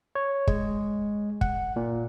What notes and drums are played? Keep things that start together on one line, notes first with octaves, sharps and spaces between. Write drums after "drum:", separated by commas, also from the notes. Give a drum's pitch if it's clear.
C#5
G#3, drum: kick
F#5, drum: kick
A#2